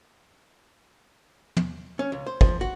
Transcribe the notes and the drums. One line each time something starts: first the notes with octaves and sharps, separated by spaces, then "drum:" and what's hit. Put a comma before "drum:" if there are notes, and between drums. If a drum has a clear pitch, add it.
drum: tom
C#4
C#2
C5
F3, drum: kick
F#4